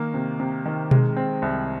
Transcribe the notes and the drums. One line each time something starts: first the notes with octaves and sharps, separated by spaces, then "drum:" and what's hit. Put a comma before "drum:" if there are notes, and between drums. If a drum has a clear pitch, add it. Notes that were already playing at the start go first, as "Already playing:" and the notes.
Already playing: D#3 A#3
C3
C3
D#3
G#3, drum: tom B2
C4
C2